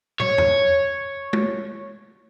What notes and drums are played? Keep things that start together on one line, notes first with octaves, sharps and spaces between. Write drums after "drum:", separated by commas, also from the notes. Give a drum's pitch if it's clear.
C#5, drum: tom
drum: tom
drum: tom